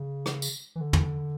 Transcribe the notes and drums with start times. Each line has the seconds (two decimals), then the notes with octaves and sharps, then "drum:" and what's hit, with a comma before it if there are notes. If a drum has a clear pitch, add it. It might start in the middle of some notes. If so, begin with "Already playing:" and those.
Already playing: C#3
0.26 drum: rim click
0.42 drum: tambourine
0.75 E3
0.81 D3
0.93 drum: tom